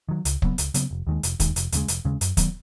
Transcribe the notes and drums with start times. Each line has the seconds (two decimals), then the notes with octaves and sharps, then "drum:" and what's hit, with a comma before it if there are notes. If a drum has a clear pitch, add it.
0.09 D#3 F#3
0.25 C#2, drum: hi-hat
0.42 C#3 F#3 B3, drum: kick
0.58 C#2, drum: hi-hat
0.74 C#3 F#3 B3, drum: hi-hat
0.91 F1
1.07 D#2 D#3 G#3
1.23 F1, drum: hi-hat
1.40 D#2 D#3 G#3, drum: kick, hi-hat
1.56 F1, drum: hi-hat
1.72 D#2 C#3 G#3, drum: hi-hat
1.88 F1, drum: hi-hat
2.05 D#2 C#3 G#3
2.21 F#2, drum: hi-hat
2.37 D#3 F#3 B3, drum: kick, hi-hat